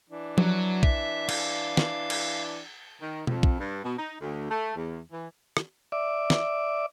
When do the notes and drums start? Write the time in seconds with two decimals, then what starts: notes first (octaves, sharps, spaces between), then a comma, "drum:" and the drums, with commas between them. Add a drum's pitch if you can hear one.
0.09 E3 D4
0.38 F#3, drum: tom F3
0.83 E5, drum: kick
1.29 F5, drum: cymbal
1.77 drum: snare
2.10 drum: cymbal
3.00 D#3
3.27 F2, drum: tom B2
3.43 drum: kick
3.59 G2
3.84 B2
3.98 D#4
4.20 D2
4.50 A3
4.75 E2
5.12 E3
5.57 drum: rim click
5.92 D5 E5 D6
6.30 drum: snare